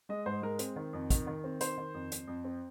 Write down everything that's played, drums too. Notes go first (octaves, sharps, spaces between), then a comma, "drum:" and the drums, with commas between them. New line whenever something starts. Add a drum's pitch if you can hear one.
G#3 D#5
G#2 C5
G#3 A#4
C4, drum: hi-hat
D#3
F2
D#3, drum: kick, hi-hat
D#3
C4
D#3 C5, drum: hi-hat
D#3
F2
F2, drum: hi-hat
F2
C4